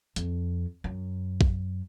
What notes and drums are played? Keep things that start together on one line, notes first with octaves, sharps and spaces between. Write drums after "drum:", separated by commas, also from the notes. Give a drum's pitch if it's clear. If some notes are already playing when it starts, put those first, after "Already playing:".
F2, drum: hi-hat
F#2
drum: kick